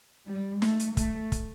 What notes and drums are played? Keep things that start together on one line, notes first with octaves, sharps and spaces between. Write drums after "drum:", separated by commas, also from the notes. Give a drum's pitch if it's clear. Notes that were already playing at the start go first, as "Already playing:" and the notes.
G3
A3, drum: snare
drum: hi-hat
A3, drum: kick, hi-hat
drum: kick, hi-hat